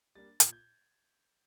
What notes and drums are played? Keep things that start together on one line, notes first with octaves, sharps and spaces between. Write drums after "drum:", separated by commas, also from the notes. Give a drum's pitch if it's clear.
G3 A#3 D4 A6
A#2 G#6, drum: hi-hat
G6